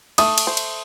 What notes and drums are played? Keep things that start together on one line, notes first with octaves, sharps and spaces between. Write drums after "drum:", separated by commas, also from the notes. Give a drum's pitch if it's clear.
A3 D#6, drum: cymbal
drum: cymbal
C5
drum: cymbal